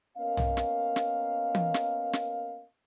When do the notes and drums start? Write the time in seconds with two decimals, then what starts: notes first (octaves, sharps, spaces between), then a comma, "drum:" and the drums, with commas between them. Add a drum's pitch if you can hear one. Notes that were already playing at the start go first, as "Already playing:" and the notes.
0.18 A#3 B3 C#4 A#4 D#5 F5
0.37 drum: tom
0.57 drum: snare
0.96 drum: snare
1.55 drum: tom E3
1.74 drum: snare
2.13 drum: snare